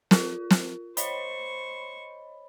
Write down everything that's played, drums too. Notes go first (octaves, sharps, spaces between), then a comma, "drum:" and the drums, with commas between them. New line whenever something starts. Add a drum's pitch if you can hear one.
F4 A#4, drum: snare
drum: snare
C5 C#5 D#5 B5 C#6, drum: hi-hat